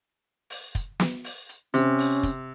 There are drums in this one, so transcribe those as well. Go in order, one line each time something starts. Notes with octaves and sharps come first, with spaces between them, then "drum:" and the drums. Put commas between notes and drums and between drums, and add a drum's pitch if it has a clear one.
drum: open hi-hat
drum: kick, hi-hat
drum: snare
drum: open hi-hat
drum: hi-hat
C3 C#4, drum: hi-hat
drum: open hi-hat
drum: kick, hi-hat